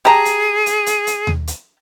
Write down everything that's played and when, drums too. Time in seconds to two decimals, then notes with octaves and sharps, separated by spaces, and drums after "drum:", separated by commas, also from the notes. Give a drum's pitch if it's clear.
0.05 G4 G#4 A5 A#5
0.25 drum: hi-hat
0.66 drum: hi-hat
0.86 drum: hi-hat
1.07 drum: hi-hat
1.27 drum: tom D#2
1.47 drum: hi-hat